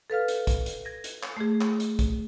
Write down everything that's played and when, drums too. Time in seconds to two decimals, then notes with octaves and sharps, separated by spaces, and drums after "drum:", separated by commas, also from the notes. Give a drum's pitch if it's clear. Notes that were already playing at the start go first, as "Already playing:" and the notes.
0.10 A4 B4 F5 F6
0.28 drum: hi-hat
0.47 drum: kick, hi-hat
0.66 drum: hi-hat
0.85 G#6 A#6
1.04 drum: hi-hat
1.23 drum: clap
1.37 A3 G#4
1.61 drum: clap
1.80 drum: hi-hat
1.99 drum: kick, hi-hat